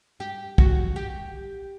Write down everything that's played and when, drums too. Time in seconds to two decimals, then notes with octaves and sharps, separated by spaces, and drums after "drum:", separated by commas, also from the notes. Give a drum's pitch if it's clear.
0.20 G4
0.58 F#4, drum: kick
0.96 G4